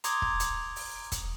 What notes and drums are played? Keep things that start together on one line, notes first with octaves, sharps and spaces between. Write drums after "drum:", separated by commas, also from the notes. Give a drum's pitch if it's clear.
A#5 C6 D6 D#6 G#6, drum: hi-hat
drum: kick
drum: hi-hat
drum: open hi-hat
drum: kick, hi-hat